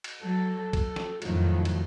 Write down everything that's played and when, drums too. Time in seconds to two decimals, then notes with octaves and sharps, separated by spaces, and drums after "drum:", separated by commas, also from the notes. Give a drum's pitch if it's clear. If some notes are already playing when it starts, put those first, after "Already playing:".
0.04 drum: cymbal
0.22 F#3 A4
0.73 A4, drum: kick B1, cymbal
0.96 drum: snare
1.22 F2 A2 D#3 F3 F#3, drum: cymbal
1.65 drum: cymbal